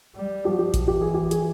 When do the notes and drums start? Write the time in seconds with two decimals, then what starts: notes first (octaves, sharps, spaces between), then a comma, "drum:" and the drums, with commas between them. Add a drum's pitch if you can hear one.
0.16 G3
0.44 F3 G4
0.52 F#4
0.59 G4
0.74 drum: kick A1, hi-hat
0.88 E3 G4
1.01 G#4
1.14 G4
1.31 G#4, drum: hi-hat